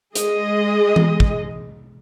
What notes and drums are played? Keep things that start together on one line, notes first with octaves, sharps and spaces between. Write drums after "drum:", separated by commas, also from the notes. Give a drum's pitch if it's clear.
G#3 G#4 D#5, drum: hi-hat
drum: tom E3
drum: kick